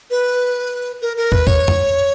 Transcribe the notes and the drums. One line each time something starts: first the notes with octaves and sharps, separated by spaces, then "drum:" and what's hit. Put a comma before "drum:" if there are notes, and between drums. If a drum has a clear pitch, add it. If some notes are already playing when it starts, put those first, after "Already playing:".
B4
A#4
A#4
B4, drum: kick
C#5, drum: kick
drum: tom F2